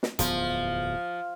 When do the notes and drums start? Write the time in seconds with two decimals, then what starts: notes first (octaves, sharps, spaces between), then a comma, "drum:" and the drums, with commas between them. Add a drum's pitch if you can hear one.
0.03 drum: snare
0.19 D1 E2 F3 B3, drum: hi-hat